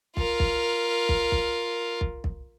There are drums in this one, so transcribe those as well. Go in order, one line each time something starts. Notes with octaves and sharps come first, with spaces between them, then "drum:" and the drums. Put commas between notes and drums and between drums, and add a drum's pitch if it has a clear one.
F4 A#4, drum: kick
drum: kick
drum: kick
drum: kick
drum: kick
drum: kick